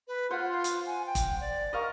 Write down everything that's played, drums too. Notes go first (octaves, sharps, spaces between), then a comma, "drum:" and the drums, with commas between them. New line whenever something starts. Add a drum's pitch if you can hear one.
B4
F4 C5 F#5
drum: hi-hat
G#5
G5
drum: kick, hi-hat
D5
A#4 D#5 F5 C#6